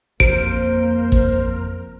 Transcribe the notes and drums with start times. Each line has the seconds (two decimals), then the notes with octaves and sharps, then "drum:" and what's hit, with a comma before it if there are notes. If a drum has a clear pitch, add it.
0.20 F2 A#3 A#4 C5 D7, drum: kick
1.12 drum: kick